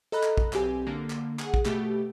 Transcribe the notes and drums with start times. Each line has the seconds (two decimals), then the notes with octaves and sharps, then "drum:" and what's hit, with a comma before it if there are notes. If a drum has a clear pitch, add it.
0.12 A4 D#5 A#5 B5 F#6
0.23 drum: clap
0.37 drum: kick
0.53 B1 C4 G4 G#5, drum: clap
0.87 D3 A#3
1.10 drum: clap
1.39 G#4 F#5, drum: clap
1.54 drum: kick
1.65 B2 A3 G4, drum: clap